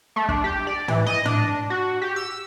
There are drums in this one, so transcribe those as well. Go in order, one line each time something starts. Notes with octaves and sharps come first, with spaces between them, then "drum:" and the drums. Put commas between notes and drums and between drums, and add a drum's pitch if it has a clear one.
A3
D4, drum: kick
G4
D5
E3, drum: tom
D#5
D4, drum: tom
F#4
G4
E6